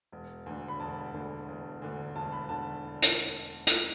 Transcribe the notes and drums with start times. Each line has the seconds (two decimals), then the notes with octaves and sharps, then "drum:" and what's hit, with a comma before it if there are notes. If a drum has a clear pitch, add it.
0.12 E1
0.46 D2 D3
0.68 B5
0.80 E1 A5
1.13 D2 D3
1.48 E1
1.82 D2 D3
2.16 E1 A5
2.32 B5
2.49 D3 A5
3.02 drum: hi-hat
3.67 drum: hi-hat